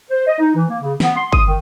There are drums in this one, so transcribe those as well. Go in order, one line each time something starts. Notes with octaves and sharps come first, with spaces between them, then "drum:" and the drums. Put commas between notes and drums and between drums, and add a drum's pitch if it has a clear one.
C5
D#5
D#4
E3
A#3
C#3
B3, drum: snare
C6
D#6, drum: kick
D#3